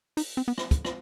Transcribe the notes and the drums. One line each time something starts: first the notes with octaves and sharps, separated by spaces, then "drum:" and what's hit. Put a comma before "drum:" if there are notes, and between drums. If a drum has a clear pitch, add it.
D#4, drum: open hi-hat
C4
B3
drum: rim click
drum: kick, hi-hat
drum: rim click